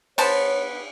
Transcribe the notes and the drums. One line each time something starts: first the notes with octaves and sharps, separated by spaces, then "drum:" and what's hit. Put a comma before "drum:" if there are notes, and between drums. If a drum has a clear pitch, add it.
B3 C5 C#5 A5, drum: cymbal